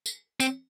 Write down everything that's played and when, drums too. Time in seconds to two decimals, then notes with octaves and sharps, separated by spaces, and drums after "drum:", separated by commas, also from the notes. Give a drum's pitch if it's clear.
0.06 drum: tambourine
0.40 C4, drum: tambourine